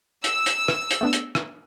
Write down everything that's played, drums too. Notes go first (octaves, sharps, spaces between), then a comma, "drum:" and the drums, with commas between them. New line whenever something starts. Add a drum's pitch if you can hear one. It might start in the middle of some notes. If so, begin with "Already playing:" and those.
E6, drum: hi-hat
drum: hi-hat
drum: rim click
drum: hi-hat
A3 B3 D4
drum: hi-hat
drum: rim click